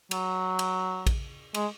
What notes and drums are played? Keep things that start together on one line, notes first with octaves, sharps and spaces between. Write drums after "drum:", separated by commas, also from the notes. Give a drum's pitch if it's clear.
F#3, drum: cymbal
drum: cymbal
drum: kick A#1, cymbal
G#3, drum: cymbal